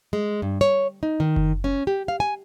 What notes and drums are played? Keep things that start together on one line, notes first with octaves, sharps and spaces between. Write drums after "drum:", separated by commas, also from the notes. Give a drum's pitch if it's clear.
G#3
G2
C#5
D#4
D#3
drum: kick F#1
C#4
G4
F5
G#5